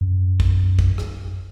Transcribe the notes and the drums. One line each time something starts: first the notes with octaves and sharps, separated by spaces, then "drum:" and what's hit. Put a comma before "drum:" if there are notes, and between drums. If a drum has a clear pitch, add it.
F#2
drum: kick
drum: kick
drum: rim click